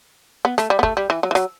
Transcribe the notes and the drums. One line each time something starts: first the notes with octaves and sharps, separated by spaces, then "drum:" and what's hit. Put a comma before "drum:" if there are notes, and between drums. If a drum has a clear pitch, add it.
B3
A3, drum: rim click
G3
B3
A3, drum: kick
G3
E3
F#3
E3
F#3, drum: rim click